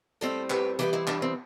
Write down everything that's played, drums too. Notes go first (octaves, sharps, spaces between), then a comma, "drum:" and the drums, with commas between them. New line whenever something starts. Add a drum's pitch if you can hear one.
A2 G3 C4 A4 C5, drum: hi-hat
G4 B4, drum: clap
E3 G3 B3 G4 B4, drum: hi-hat
C4 E4
D4, drum: clap
C4